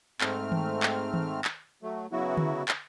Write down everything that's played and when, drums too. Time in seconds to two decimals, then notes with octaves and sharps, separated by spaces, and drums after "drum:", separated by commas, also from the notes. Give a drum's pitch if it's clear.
0.21 G#2 A3 C4 F6, drum: clap
0.52 drum: tom D#3
0.83 drum: clap
1.14 drum: tom D#3
1.45 drum: clap
1.83 F#3 A3
2.12 C#3 F#3 B3 E4 F#4
2.37 drum: tom D3
2.68 drum: clap